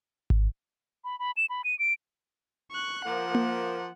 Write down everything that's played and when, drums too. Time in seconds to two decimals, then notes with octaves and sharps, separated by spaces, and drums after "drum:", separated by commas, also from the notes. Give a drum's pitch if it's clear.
0.30 drum: kick G#1
1.04 B5
1.19 B5
1.37 E7
1.50 B5
1.64 D#7
1.79 D7
2.72 C#6 F#6
3.05 F3 A#3 F#5
3.35 drum: tom A#3